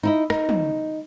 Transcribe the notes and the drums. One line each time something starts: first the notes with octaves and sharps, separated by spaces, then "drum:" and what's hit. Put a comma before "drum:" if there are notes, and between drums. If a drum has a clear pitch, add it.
D#4 E4 D#5
D#4, drum: rim click
drum: tom